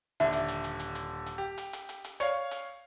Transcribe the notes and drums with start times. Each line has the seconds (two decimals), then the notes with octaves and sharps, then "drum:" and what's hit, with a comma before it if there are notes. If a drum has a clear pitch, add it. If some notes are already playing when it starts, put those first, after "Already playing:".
0.20 D#1 D3 E5
0.33 drum: hi-hat
0.48 drum: hi-hat
0.64 drum: hi-hat
0.80 drum: hi-hat
0.95 drum: hi-hat
1.26 drum: hi-hat
1.38 G4
1.58 drum: hi-hat
1.73 drum: hi-hat
1.89 drum: hi-hat
2.04 drum: hi-hat
2.20 C#5 D5 F5, drum: hi-hat
2.51 drum: hi-hat